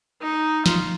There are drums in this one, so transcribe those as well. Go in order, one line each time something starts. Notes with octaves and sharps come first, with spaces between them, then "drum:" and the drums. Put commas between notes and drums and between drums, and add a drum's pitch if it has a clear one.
D#4
F4, drum: snare